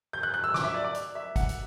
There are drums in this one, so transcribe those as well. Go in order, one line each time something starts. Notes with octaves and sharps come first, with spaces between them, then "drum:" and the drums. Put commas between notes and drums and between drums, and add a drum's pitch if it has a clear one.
G6
F#6
F#6
E6
D6, drum: snare
E5
D5
D5
drum: hi-hat
E5
F#5, drum: kick, hi-hat
drum: hi-hat